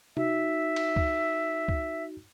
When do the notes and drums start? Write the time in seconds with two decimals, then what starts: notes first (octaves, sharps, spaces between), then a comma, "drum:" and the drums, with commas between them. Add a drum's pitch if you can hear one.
0.17 D#4 F#4 E5, drum: tom C3
0.76 drum: cymbal
0.96 drum: kick
1.68 drum: kick